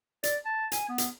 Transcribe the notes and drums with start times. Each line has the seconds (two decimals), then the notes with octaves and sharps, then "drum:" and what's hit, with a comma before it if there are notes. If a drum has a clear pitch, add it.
0.23 D5, drum: hi-hat
0.45 A5
0.72 G#5, drum: hi-hat
0.89 B3
0.98 drum: hi-hat